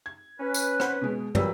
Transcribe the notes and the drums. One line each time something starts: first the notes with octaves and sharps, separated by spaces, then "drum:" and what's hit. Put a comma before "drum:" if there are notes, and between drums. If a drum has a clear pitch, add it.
G#6
C#4 B4
drum: tambourine
C5 F#5 B5, drum: rim click
B2 G#3
A#2 F#3 G3 B4 E6, drum: tom